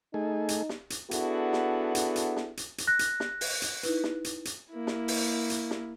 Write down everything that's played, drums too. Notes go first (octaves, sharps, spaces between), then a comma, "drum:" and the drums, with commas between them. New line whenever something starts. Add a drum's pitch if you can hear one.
A3 D#4 G#4
drum: hi-hat
drum: snare
drum: hi-hat
B3 D4 E4 F#4 G#4 A4, drum: hi-hat
drum: snare
drum: hi-hat
drum: hi-hat
drum: snare
drum: hi-hat
drum: hi-hat
F#6 A#6
drum: hi-hat
drum: snare
drum: open hi-hat
drum: hi-hat
D#4 E4 B4, drum: hi-hat
drum: snare
drum: hi-hat
drum: hi-hat
A#3 E4
drum: snare
drum: open hi-hat
drum: hi-hat
drum: snare